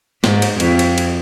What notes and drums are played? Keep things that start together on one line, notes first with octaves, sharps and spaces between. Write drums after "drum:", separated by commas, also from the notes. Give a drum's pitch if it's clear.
G#2, drum: snare
drum: cymbal
F2, drum: cymbal
drum: cymbal
drum: cymbal